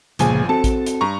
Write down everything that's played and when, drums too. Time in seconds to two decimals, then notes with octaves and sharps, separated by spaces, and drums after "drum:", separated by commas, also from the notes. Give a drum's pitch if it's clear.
0.19 G1 C#2 A#2 F3 G#4 G#5, drum: hi-hat
0.49 C4 F#4 A4 A5
0.64 drum: kick A1, hi-hat
0.86 drum: hi-hat
1.01 G2 A#5 C#6